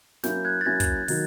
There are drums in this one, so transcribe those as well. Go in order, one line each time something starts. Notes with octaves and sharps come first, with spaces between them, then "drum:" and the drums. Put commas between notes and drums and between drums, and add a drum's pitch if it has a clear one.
F#3 A#3 C#4 E4 G6, drum: snare
F#6 G#6
A6
F#3 A#3 C#4 E4 G#6 A#6
drum: kick, hi-hat
D#3 F#3 A#3, drum: open hi-hat